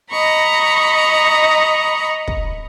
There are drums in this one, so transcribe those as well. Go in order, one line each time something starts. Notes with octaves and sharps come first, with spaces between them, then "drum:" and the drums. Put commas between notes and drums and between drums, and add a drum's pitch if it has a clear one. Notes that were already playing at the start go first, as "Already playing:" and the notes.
D#5 A#5 B5 C#6
drum: kick